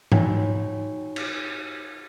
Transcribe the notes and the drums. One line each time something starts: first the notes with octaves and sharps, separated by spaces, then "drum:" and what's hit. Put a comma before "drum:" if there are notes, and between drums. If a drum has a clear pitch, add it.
D#4 F4 F#4 C#5 G5 G#5, drum: tom G#2
drum: cymbal